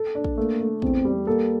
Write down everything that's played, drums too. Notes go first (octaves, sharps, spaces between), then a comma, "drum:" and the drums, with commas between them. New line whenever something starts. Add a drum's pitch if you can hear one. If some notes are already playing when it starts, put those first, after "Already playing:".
Already playing: A4
D4
drum: kick
A3 A#3
A3
E2 C4, drum: kick
G3
A#3 A4